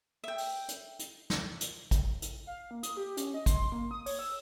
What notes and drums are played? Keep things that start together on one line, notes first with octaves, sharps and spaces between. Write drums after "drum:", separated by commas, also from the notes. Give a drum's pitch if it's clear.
E5 G5
drum: open hi-hat
drum: hi-hat
drum: hi-hat
drum: snare
drum: hi-hat
drum: kick A1, hi-hat
drum: hi-hat
F5
A#3
D#6, drum: hi-hat
G4
C#4, drum: hi-hat
D#5
C6, drum: kick A1, hi-hat
A#3
D#6
C#5, drum: open hi-hat
E6